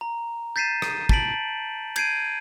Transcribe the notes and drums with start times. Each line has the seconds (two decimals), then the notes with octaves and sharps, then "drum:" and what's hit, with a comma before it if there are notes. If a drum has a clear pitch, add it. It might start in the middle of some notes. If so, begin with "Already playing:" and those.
0.01 A#5
0.56 G6 A6 B6 C7 D#7 E7
0.82 drum: rim click
1.09 A5 A6 B6 D7 F#7, drum: kick
1.96 G6 G#6 C7 D7 D#7, drum: cymbal